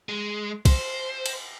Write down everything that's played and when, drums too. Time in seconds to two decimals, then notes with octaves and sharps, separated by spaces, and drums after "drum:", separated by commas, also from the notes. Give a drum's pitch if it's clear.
0.09 G#3
0.65 C5, drum: kick, cymbal
1.26 drum: cymbal